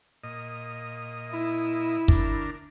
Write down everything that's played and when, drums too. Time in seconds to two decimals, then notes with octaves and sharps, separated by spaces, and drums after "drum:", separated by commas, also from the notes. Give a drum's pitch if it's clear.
0.24 A#2 D#5
1.31 E4
2.08 D2 D4 A#4, drum: kick